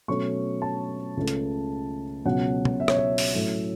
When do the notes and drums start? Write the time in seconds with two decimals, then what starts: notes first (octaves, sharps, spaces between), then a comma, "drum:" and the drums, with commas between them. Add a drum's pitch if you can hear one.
0.08 B2 F#3 A3 C#4 C#6
0.62 A5
1.17 C#2 C#3 A3
1.28 drum: hi-hat
2.25 C#2 B2 F#3 C#4 F#5
2.65 drum: tom B2
2.80 E5
2.88 C#5, drum: rim click
2.97 E5
3.18 drum: open hi-hat
3.33 A2 F#3 A3 C#4